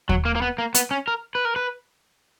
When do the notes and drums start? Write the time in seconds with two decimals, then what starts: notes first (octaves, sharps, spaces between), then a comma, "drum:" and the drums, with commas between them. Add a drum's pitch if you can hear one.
0.09 F#3, drum: kick D#2
0.25 A#3
0.35 A#3
0.42 B3
0.58 A#3
0.74 B3, drum: hi-hat
0.91 C#4
1.08 A#4
1.35 B4
1.45 A#4
1.56 B4